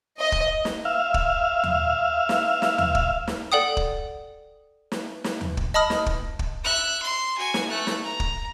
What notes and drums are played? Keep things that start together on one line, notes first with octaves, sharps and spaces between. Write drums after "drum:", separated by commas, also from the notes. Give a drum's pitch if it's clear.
D#5
drum: kick
drum: snare
E5 F5
drum: kick
drum: tom D#2
drum: snare
drum: snare
drum: tom D#2
drum: kick
drum: snare
A4 D5 F#5 G5 D#6
drum: kick
drum: snare
drum: snare
drum: tom D#2
drum: kick
D#5 A5 B5 D#6 F6
drum: snare
drum: kick
drum: kick
E5 F#6
C6
F#4 G#5
drum: snare
A3 F#6
drum: snare
A#5
drum: kick